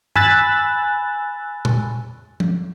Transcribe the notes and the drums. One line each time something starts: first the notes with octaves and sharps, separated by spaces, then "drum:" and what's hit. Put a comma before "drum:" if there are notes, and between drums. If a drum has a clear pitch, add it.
G#5 B5 E6 F#6 A6, drum: tom G2
drum: tom A#2
drum: tom F3